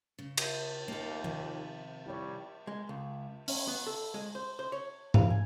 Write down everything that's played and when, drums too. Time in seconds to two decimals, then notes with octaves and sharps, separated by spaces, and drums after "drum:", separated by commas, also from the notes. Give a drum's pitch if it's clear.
0.19 C#3
0.38 drum: cymbal
0.88 D#2 A#3 A4
1.24 C3 D#3 F3
2.06 G3 E4 C#5
2.67 G#3
2.89 C#2
3.48 C#4, drum: open hi-hat
3.67 B3
3.87 A4
4.14 G#3
4.35 C5
4.59 C5
4.72 C#5
5.14 F5, drum: tom G#2
5.30 G#5